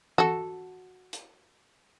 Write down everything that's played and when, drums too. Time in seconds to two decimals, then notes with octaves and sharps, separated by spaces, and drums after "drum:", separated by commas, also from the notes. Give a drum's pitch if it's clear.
0.18 F#4 A4, drum: tom E3
1.13 drum: hi-hat